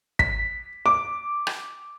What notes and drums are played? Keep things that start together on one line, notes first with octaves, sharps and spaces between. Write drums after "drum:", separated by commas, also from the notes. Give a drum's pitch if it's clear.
B6, drum: kick
D6
drum: rim click